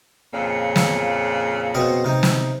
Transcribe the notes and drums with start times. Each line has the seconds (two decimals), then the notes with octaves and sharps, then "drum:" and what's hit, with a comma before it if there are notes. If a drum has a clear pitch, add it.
0.33 F2 A#2 C#3
0.76 drum: snare
1.75 B2 C4 D#5
2.04 C3 D#4
2.23 drum: snare